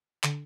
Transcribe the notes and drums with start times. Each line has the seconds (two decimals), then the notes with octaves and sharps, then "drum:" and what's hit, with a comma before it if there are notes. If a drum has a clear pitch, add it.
0.24 D3, drum: clap